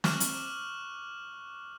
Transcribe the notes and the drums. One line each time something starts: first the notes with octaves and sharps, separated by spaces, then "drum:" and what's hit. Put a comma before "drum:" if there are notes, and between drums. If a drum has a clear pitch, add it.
C#6 D6 F6 F#6 E7 F#7, drum: snare
drum: hi-hat